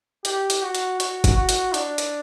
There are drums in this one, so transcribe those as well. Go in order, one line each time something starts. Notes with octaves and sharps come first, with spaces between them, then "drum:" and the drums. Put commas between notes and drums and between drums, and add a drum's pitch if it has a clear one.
G4, drum: hi-hat
drum: hi-hat
F#4
drum: hi-hat
F#4, drum: hi-hat
drum: kick G1, hi-hat
F#4
drum: hi-hat
D4, drum: hi-hat
drum: hi-hat